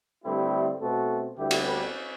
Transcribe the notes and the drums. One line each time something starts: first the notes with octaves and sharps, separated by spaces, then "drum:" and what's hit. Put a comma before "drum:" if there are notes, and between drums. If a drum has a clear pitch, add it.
G2 D3 A3 C4 E4 G4
B2 A3 C4 F#4 A4
D2 D3 G3 B3 E4 G4
drum: cymbal
G4 B4